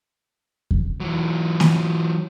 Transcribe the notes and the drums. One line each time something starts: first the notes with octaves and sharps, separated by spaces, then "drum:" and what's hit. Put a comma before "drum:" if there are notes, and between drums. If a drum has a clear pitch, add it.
drum: kick E2
E3 F#3
drum: snare A#3